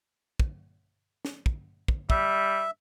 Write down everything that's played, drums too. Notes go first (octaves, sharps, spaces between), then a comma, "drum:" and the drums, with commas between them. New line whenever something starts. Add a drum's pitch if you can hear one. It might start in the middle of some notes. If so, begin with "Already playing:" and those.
drum: kick
drum: snare
drum: kick
drum: kick
G3 E5, drum: kick